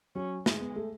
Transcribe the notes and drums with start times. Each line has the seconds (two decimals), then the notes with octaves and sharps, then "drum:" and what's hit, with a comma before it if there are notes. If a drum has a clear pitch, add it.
0.15 F#3 C#4
0.46 G#3, drum: snare
0.61 B3
0.76 A3